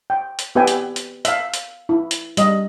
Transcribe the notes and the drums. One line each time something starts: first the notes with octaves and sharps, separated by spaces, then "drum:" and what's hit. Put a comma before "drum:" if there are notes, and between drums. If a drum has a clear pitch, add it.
G5
drum: hi-hat
B3 G4 B4 E5 G5 G#5
drum: hi-hat
drum: hi-hat
E5 F5, drum: hi-hat
drum: hi-hat
E4
drum: hi-hat
G3 D#5, drum: hi-hat